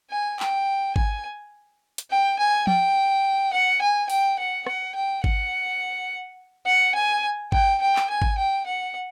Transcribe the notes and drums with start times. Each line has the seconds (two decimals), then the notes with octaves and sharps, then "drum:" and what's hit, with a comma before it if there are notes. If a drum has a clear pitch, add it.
0.10 G#5
0.40 G5, drum: clap
0.96 G#5, drum: kick G#1
1.98 drum: hi-hat
2.11 G5
2.39 G#5
2.67 G5, drum: tom F3
3.53 F#5
3.82 G#5
4.10 G5, drum: open hi-hat
4.39 F#5
4.67 F#5, drum: rim click
4.95 G5
5.24 F#5, drum: kick G#1
6.66 F#5
6.95 G#5
7.52 G5, drum: kick G#1
7.81 G5
7.96 drum: clap
8.10 G#5
8.22 drum: kick G#1
8.38 G5
8.66 F#5